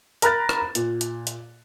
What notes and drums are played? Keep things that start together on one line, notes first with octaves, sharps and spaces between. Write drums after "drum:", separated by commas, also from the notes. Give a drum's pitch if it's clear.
A#4 A#5 B5 F6 F#6 A6, drum: hi-hat
drum: rim click
A#2, drum: hi-hat
drum: hi-hat
drum: hi-hat